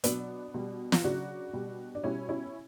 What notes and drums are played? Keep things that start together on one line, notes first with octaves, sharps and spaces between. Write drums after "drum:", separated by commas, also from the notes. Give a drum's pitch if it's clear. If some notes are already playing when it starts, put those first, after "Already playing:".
B2 F#3 B3 D4, drum: hi-hat
B2 G3
drum: snare
C#3 F#3 D4 F#4
B2 G3
D4
B2 G3 C#4 E4
C#4 E4